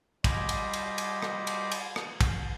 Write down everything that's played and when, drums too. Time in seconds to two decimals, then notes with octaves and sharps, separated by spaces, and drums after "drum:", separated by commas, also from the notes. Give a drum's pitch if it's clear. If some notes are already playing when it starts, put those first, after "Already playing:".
0.24 G3 F4 D#5 B5 D6, drum: kick, cymbal
0.49 drum: cymbal
0.73 drum: cymbal
0.98 drum: cymbal
1.22 drum: rim click
1.47 drum: cymbal
1.71 drum: cymbal
1.96 drum: rim click
2.21 drum: kick, cymbal